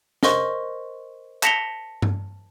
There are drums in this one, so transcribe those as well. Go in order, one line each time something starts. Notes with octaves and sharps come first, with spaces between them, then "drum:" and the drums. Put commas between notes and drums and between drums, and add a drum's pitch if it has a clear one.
A#4 C5 D#5 C6 C#6, drum: snare
A5 A#6 B6 C#7 F7 G7, drum: clap
drum: tom G2